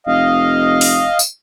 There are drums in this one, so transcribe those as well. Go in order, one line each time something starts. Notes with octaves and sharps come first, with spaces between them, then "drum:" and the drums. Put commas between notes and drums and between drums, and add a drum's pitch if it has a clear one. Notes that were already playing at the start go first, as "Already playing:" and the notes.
F1 D#5 F5
drum: open hi-hat
drum: tambourine